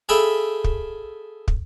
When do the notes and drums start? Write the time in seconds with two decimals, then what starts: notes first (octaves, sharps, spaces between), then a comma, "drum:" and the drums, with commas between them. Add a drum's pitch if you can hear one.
0.09 G#4 A4 E5 F5 G5 B5
0.64 drum: kick
1.48 drum: kick